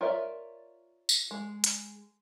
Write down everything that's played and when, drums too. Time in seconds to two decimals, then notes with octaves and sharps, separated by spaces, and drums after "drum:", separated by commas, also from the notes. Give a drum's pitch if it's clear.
0.01 F4 A#4 C#5 D5 E5
1.09 drum: tambourine
1.31 G#3
1.64 drum: hi-hat